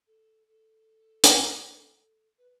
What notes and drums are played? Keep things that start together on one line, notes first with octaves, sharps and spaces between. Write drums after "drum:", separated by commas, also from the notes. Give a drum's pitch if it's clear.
A4
A4
drum: hi-hat
B4